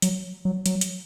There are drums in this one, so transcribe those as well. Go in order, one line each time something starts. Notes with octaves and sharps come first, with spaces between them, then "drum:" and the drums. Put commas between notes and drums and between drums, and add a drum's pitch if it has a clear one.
F#3, drum: hi-hat
F#3
F#3, drum: hi-hat
drum: hi-hat